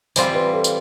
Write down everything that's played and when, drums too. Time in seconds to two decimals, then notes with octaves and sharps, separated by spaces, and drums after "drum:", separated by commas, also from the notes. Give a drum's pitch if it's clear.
0.16 E3 G3 C4 F4 C5, drum: tambourine
0.34 B4
0.53 A4
0.64 drum: tambourine